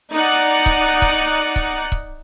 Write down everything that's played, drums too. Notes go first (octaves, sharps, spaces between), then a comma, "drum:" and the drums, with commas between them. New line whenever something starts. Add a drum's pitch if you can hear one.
D#4 D5 F#5
drum: kick
drum: kick
drum: kick
drum: kick